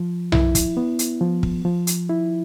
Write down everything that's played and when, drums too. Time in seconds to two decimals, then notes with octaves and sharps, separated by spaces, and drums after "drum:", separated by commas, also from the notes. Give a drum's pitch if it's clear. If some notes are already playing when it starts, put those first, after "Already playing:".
Already playing: F3
0.32 E4, drum: tom B1
0.55 drum: kick, hi-hat
0.77 B3
0.99 drum: hi-hat
1.21 F3
1.43 drum: kick
1.65 F3
1.87 drum: hi-hat
2.09 E4